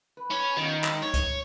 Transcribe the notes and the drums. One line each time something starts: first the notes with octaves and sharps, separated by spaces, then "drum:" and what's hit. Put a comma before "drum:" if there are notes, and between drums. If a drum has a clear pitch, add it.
B4
C#4 C#5
D#3 B3 C#4 F4
G#3 D#4, drum: clap
C#5
drum: kick C#2, hi-hat